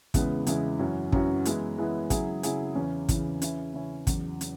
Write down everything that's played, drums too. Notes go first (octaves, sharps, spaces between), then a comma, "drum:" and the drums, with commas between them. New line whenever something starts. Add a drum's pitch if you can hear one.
E2 C#3 G#3 B3 E4, drum: kick, hi-hat
E2 C#3 G#3 B3 E4, drum: hi-hat
F#2 E3 C#4 F#4
F#2 E3 C#4 F#4, drum: kick
E3 G#3 B3 E4, drum: hi-hat
E3 G#3 B3 E4
C#3 F#3 E4 G#4, drum: kick, hi-hat
C#3 F#3 E4 G#4, drum: hi-hat
E2 C#3 E3 C#4
E2 C#3 E3 C#4, drum: kick, hi-hat
C#3 E3 C#4 E4, drum: hi-hat
C#3 E3 C#4 E4
E2 C#3 F#3, drum: kick, hi-hat
C#3, drum: hi-hat